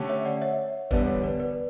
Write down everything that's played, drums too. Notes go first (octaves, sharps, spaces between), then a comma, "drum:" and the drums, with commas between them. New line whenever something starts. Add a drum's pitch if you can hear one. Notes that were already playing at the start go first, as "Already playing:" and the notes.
Already playing: D3 A3 C#4 G4
C#5 E5
D5 F#5
C#5 E5
E2 D3 G3 B3 D4 B4 D5, drum: kick
C#5
B4 D5
B4 D5